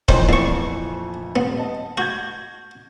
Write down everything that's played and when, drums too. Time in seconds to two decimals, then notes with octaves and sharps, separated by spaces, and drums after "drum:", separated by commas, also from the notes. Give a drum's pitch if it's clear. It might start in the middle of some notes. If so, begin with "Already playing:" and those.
0.08 A#1 F2 D#3 E3 D#4 C5, drum: kick
0.29 E2 C#6
1.36 D#1 B3
1.57 D#5 A5
1.98 F#4 G6 G#6